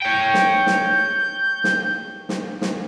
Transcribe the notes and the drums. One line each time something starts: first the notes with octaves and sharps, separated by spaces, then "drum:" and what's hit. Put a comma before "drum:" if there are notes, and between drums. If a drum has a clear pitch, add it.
C#5 G5 G6
drum: snare
drum: snare
drum: snare
drum: snare
drum: snare